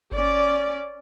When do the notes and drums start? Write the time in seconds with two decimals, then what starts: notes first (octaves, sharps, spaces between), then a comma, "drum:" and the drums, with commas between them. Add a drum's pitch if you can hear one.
0.12 C#4 D5, drum: kick G1